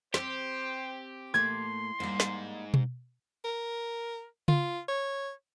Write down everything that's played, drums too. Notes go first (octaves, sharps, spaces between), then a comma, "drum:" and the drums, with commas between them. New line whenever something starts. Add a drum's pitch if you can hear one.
C4 G4 C5, drum: snare
A2 A3 A#3 C6 G#6
G#2 G3 A#3
drum: snare
drum: tom B2
A#4
F4, drum: tom C#3
C#5